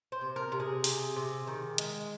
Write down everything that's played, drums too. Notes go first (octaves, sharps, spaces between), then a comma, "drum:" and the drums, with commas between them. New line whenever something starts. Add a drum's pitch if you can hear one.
C5
C3
A#4
C3
G#4
C3, drum: open hi-hat
C3
D#3
G#3, drum: hi-hat